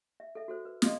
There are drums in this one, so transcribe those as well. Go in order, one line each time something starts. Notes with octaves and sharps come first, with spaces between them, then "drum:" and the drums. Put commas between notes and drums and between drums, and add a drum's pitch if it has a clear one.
E5
A4 E5
F#4 A4 C5
B4
D#5 F5 C6 D#6, drum: snare